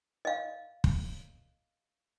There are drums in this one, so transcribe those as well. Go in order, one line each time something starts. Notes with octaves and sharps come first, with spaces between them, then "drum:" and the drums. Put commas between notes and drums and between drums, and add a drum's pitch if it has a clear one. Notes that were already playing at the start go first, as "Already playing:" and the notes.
D#5 F5
drum: kick